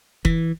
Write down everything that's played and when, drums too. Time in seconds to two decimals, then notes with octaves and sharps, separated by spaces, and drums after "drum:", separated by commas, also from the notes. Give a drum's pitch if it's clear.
0.25 E3, drum: kick F1